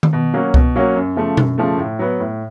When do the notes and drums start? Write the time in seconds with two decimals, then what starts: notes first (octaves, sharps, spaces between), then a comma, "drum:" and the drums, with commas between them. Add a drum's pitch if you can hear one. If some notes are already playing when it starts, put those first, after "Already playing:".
0.03 drum: tom D#3
0.13 B2
0.34 F#3 A#3 C#4 F#4
0.54 B2, drum: kick C2
0.76 F#3 A#3 C#4 F#4
0.96 F#2
1.16 C#3 F3 A3
1.37 F#2, drum: tom B2
1.58 C#3 F3 A3
1.78 A2
1.99 F#3 B3
2.20 A2